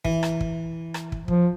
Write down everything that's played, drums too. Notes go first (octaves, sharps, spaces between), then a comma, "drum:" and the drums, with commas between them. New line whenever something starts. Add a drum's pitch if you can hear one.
E3, drum: kick
drum: rim click
drum: kick
drum: rim click
drum: kick
F3, drum: kick